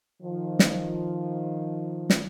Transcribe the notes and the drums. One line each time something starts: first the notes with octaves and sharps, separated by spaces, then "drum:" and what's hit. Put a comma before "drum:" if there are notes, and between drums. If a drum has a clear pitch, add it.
D#3 F3
drum: snare
drum: snare